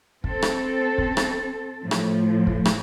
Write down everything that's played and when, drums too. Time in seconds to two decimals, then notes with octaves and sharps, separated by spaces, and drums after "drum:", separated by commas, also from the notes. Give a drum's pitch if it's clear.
0.24 C4 A4, drum: kick
0.42 drum: rim click
0.98 drum: kick
1.17 drum: rim click
1.81 A2 F3
1.91 drum: rim click
2.47 drum: kick
2.65 drum: rim click